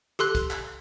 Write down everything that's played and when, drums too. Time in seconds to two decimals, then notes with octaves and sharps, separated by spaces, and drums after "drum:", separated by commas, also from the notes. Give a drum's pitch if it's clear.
0.19 G4 A4 C6 F#6, drum: hi-hat
0.35 drum: kick, hi-hat
0.51 drum: clap